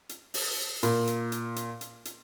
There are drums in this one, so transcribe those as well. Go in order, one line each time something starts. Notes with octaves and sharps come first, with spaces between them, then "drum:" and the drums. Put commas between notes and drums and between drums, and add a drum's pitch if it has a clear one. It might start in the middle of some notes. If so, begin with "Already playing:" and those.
drum: hi-hat
drum: open hi-hat
A#2, drum: hi-hat
drum: hi-hat
drum: hi-hat
drum: hi-hat
drum: hi-hat
drum: hi-hat